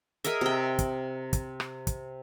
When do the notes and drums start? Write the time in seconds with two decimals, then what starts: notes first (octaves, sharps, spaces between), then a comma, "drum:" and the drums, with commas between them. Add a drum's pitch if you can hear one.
0.24 G#4 A#4 D#5 E5, drum: hi-hat
0.41 C3 G5
0.79 drum: kick, hi-hat
1.33 drum: kick, hi-hat
1.60 drum: rim click
1.87 drum: kick, hi-hat